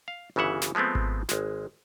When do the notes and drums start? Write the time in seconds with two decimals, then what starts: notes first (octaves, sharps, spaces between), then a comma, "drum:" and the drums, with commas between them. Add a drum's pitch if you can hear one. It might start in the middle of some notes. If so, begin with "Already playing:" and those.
0.08 F5
0.36 G1 C#3 E3 E5 F#5
0.62 drum: snare
0.75 F3 G#3 A3 B3 C4
0.95 drum: kick G#1
1.29 G#1 G#3, drum: snare